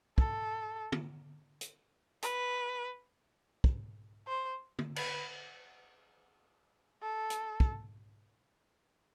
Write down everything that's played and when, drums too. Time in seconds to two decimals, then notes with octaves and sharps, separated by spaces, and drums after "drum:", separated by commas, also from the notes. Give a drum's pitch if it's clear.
0.18 A4, drum: kick
0.92 drum: tom
1.61 drum: hi-hat
2.22 B4, drum: hi-hat
3.64 drum: kick
4.28 C5
4.79 drum: tom
4.96 B4, drum: cymbal
7.02 A4
7.30 drum: hi-hat
7.60 drum: kick